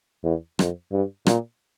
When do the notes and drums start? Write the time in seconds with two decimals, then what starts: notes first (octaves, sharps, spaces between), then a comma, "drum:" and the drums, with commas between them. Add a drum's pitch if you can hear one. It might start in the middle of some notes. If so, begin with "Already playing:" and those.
0.24 E2
0.59 F2, drum: rim click
0.92 G2
1.26 A#2, drum: rim click